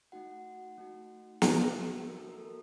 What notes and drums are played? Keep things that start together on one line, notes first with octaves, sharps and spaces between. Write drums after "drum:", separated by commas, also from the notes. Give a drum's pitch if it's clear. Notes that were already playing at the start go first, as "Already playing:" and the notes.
A3 D#4 F#4 F#5
A3 D#4 F#4
A#3 F#4 A4, drum: snare
A#3 F#4 A4 A#4
A#4
A4